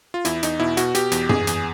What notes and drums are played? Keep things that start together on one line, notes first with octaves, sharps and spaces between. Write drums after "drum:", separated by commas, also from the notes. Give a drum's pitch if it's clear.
F4
E2 E4, drum: hi-hat
E2 D#4, drum: hi-hat
B2 E4
B2 F#4, drum: hi-hat
B2 G4, drum: hi-hat
E2, drum: hi-hat
E2 G#4, drum: tom F#2
E2, drum: hi-hat